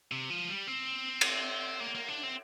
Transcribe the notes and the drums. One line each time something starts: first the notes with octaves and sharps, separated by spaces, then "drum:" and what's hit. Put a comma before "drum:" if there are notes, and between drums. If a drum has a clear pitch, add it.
C3
F3
G3
C4
drum: cymbal
A#3
A#3
D4
C4